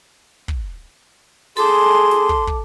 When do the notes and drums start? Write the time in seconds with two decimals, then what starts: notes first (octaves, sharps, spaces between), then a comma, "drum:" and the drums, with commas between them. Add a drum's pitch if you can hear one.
0.48 drum: kick
1.57 G#4 A4 A5 C6 D6, drum: snare
2.11 drum: snare
2.29 drum: kick
2.47 drum: kick